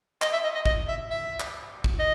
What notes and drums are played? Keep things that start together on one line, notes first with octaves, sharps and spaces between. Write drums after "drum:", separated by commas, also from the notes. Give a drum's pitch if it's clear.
D#5, drum: clap
E5
D#5
D#5
D#5, drum: kick
E5
E5
drum: clap
drum: kick
D#5